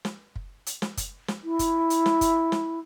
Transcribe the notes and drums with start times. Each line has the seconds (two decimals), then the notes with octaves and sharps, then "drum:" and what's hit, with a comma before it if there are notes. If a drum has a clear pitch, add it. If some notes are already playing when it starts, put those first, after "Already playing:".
0.05 drum: snare
0.36 drum: kick
0.66 drum: hi-hat
0.82 drum: snare
0.97 drum: kick, hi-hat
1.28 drum: snare
1.44 E4
1.59 drum: kick, hi-hat
1.90 drum: hi-hat
2.06 drum: snare
2.21 drum: kick, hi-hat
2.52 drum: snare